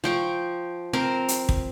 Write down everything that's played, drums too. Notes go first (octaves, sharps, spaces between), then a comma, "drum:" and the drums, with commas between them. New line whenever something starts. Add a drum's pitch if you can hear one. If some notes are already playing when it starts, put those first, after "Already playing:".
F3 G5 C#6
C4 A#4
drum: hi-hat
drum: kick